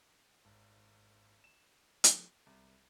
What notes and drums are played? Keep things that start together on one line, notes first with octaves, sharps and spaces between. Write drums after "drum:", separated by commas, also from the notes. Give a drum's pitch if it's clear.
G#1
E7
drum: hi-hat
C2